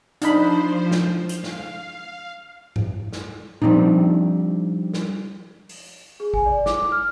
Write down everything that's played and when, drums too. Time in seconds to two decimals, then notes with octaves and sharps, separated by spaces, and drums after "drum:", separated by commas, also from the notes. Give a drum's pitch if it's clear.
0.22 F3 D4 D#4 C5 B5, drum: hi-hat
0.91 drum: snare
1.29 F5, drum: hi-hat
1.44 drum: snare
2.76 drum: tom G#2
3.13 drum: snare
3.62 F3 G3 G#3 C4 D4 D#4, drum: tom A#2
4.94 drum: snare
5.69 drum: open hi-hat
6.20 G#4
6.34 G#5, drum: kick G#1
6.46 D5
6.66 D6, drum: snare
6.92 F6